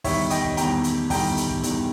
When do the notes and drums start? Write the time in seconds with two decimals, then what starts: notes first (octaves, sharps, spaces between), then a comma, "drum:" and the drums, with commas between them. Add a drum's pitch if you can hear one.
0.04 E2 D#3 G3 C#5 E5, drum: kick, open hi-hat
0.30 D#5 G5, drum: hi-hat
0.44 drum: kick
0.57 E2 D#3 G3 G5 A#5, drum: hi-hat
0.84 drum: hi-hat
1.10 E2 D#3 G3 G5 A#5, drum: kick, open hi-hat
1.37 drum: hi-hat
1.50 drum: kick
1.63 E2 D#3 G3, drum: hi-hat